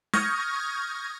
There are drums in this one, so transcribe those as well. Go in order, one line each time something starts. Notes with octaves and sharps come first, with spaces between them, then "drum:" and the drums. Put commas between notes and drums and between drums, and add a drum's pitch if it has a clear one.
C#6 D#6 F6 G6 G#6 A#6, drum: snare